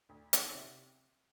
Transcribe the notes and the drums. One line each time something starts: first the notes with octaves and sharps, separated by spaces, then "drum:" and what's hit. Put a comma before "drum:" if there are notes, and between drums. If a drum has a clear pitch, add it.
D2
D#3, drum: hi-hat
C3